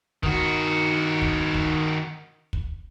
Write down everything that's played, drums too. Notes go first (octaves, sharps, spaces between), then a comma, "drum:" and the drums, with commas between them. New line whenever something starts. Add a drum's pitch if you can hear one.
D#3 F#4, drum: kick
drum: kick
drum: kick
drum: kick